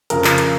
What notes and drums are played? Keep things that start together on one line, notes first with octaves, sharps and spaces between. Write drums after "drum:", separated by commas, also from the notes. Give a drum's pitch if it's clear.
F2 C#3 F3 A#4, drum: hi-hat
drum: clap
drum: hi-hat